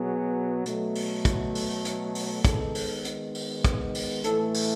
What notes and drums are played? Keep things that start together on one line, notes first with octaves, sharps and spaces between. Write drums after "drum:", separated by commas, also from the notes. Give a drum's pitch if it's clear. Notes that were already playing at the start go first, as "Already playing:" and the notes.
Already playing: B2 F#3 B3 G#4
B2 F#3 A3, drum: hi-hat
drum: open hi-hat
drum: kick, hi-hat
drum: open hi-hat
drum: hi-hat
drum: open hi-hat
D#3 G#3 B3 A4, drum: kick, hi-hat
drum: open hi-hat
drum: hi-hat
drum: open hi-hat
drum: kick, hi-hat
drum: open hi-hat
A2 E3 A3 A4, drum: hi-hat
drum: open hi-hat